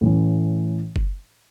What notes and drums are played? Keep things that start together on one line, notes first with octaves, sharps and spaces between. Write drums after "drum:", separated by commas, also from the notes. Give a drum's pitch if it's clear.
A2 E3 A3 C#4
drum: kick F#1